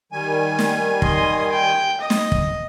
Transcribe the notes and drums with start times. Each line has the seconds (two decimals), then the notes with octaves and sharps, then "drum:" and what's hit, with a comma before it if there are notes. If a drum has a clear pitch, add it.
0.12 D#3 G3 G#5
0.59 drum: snare
1.02 D#5 C6, drum: kick
1.51 G5
2.01 D#5
2.10 drum: snare
2.32 drum: kick